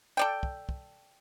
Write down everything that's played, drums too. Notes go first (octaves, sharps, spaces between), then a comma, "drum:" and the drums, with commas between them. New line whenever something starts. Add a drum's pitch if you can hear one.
A4 D5 G5
drum: kick
drum: kick